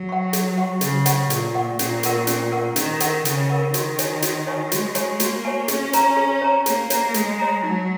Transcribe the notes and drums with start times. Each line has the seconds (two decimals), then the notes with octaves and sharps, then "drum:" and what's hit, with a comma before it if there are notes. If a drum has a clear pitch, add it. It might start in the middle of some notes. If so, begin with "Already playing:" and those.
Already playing: F#3
0.09 F#5 C#6
0.33 G#4, drum: hi-hat
0.58 F#5 C#6
0.81 C#3 G#4, drum: hi-hat
1.06 F#5 C#6, drum: hi-hat
1.30 A#2 G#4, drum: hi-hat
1.54 F#5 C#6
1.79 A#2 C#4, drum: hi-hat
2.03 A#4 F#5 C#6, drum: hi-hat
2.27 C#4, drum: hi-hat
2.52 A#4 F#5 C#6
2.76 D#3 C#4, drum: hi-hat
3.00 A#4 F#5 C#6, drum: hi-hat
3.25 C#3 C#4, drum: hi-hat
3.49 A#4 F#5 C#6
3.74 D#3 F#4, drum: hi-hat
3.99 C#5 G#5 C#6, drum: hi-hat
4.22 F#4, drum: hi-hat
4.47 C#5 G#5 C#6
4.72 G#3 F#4, drum: hi-hat
4.95 C#5 G#5 C#6, drum: hi-hat
5.20 A#3 F#4, drum: hi-hat
5.45 C#5 G#5 C#6
5.68 C#4 G#4, drum: hi-hat
5.93 C#5 A#5, drum: hi-hat
6.17 G#4
6.42 C#5 A#5
6.66 A#3 G#4, drum: hi-hat
6.90 C#5 A#5, drum: hi-hat
7.14 G#3 G#4, drum: hi-hat
7.39 C#5 A#5
7.63 F#3 D#4